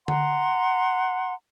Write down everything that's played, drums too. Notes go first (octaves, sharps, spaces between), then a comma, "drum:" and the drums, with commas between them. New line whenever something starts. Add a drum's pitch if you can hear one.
F#5 A#5 C6, drum: tom D3